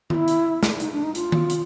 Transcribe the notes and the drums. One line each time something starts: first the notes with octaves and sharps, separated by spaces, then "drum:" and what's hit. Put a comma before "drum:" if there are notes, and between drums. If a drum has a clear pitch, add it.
F4, drum: tom D#3
E4
drum: hi-hat
drum: snare
D#4, drum: hi-hat
D4
D#4
F4, drum: hi-hat
drum: tom D#3
drum: hi-hat